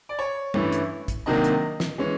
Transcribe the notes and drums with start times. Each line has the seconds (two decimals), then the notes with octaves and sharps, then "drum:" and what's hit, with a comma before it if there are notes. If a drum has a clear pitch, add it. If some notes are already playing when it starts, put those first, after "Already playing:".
0.09 D5
0.19 C#5
0.54 G2 E3 A3 C#4 E4, drum: tom
0.72 drum: hi-hat
1.08 drum: kick, hi-hat
1.26 C3 D#3 F#3 A#3 D4 D#5
1.44 drum: hi-hat
1.80 drum: snare
1.98 E3 G#3 C#4